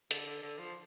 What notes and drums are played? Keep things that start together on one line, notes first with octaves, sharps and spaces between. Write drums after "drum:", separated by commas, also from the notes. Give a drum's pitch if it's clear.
D3, drum: hi-hat
D3
D3
F3